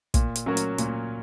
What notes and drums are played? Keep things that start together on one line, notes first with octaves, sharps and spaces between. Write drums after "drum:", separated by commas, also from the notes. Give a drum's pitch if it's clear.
A#2, drum: kick, hi-hat
drum: hi-hat
F#3 C#4 F#4 A#4
drum: hi-hat
A#2, drum: hi-hat